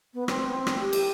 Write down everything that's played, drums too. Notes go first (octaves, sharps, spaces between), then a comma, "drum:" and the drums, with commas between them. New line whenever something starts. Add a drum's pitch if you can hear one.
B3
C4, drum: rim click
B3
C4
drum: rim click
G4
drum: cymbal